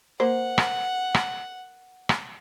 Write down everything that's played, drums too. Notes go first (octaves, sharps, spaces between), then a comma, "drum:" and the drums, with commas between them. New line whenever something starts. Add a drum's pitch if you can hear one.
A#3 A#4 C5 F#5
drum: rim click
drum: rim click
drum: rim click